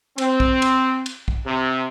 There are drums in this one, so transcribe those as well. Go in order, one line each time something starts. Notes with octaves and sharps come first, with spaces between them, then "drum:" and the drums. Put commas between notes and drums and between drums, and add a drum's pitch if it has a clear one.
C4, drum: cymbal
drum: kick
drum: cymbal
drum: cymbal
drum: kick
C3